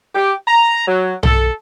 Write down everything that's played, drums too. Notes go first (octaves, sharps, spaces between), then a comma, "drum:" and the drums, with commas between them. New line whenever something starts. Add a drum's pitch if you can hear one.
G4
A#5
F#3
A4, drum: tom